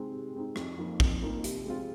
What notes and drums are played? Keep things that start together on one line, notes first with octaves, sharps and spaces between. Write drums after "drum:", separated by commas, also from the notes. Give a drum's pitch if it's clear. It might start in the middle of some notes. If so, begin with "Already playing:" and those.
Already playing: C3 G#3 C4 D#4
C3
G#3 C4 D#4
F2, drum: rim click
F3 A#3 D#4
F2, drum: kick
F3 A#3 D#4
C3, drum: hi-hat
G#3 C4 F4